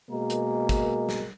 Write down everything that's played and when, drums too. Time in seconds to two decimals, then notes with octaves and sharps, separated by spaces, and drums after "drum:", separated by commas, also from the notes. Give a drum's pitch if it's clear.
0.10 B2 G#3 A#3 A#4
0.30 drum: hi-hat
0.69 drum: kick, hi-hat
1.09 drum: snare